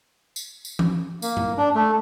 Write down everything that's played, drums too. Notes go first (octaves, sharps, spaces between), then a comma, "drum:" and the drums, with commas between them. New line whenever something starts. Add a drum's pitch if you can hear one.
drum: tambourine
drum: tambourine
drum: tom E3
A#3, drum: tambourine
drum: tom G2
D4
A3